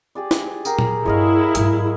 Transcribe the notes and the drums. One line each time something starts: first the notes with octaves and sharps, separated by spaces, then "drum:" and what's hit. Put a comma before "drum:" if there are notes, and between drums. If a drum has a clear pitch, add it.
G4 G#4 D5
drum: snare
G#4 A#4 G5, drum: tambourine
drum: tom A#2
G2 D4 E4 G#4 C#5 D#5 F5
G#2 F#3, drum: hi-hat